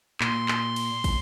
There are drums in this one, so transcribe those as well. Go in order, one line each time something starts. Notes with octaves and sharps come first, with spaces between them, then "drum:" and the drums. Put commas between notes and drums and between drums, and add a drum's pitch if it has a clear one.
A#2 C6, drum: clap
drum: clap
drum: cymbal
drum: kick, cymbal